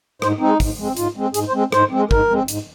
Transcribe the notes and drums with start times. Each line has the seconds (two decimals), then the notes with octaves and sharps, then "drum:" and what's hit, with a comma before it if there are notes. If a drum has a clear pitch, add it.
0.22 G#2 C5, drum: rim click
0.40 G#3 C4 D#4
0.60 G#2, drum: kick, open hi-hat
0.78 G#3 C4
0.97 G#2 F4, drum: hi-hat
1.16 G#3 C4
1.34 G#2 G#4, drum: hi-hat
1.48 C5
1.53 G#3 C4
1.72 G#2 C5, drum: rim click
1.91 G#3 C4
2.11 G#2 A#4, drum: kick
2.30 G#3 C4
2.48 G#2, drum: hi-hat